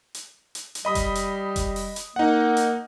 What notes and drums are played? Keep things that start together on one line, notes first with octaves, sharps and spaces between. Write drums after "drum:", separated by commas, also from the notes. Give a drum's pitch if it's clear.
drum: hi-hat
drum: hi-hat
drum: hi-hat
G3 D#5 B5 D#6
drum: kick F1, hi-hat
drum: hi-hat
drum: kick F1, hi-hat
drum: open hi-hat
drum: hi-hat
A#3 D#4 F#5
drum: hi-hat